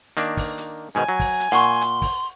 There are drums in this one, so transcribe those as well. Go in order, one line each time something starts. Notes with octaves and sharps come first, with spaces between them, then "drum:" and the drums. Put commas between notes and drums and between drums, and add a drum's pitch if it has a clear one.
D#3 A#3 D4, drum: hi-hat
drum: kick, open hi-hat
drum: hi-hat
G#2 B2 D#3 G#5
F#3
drum: kick, open hi-hat
drum: hi-hat
A#2 F#5 C6 C#6
drum: hi-hat
drum: kick, open hi-hat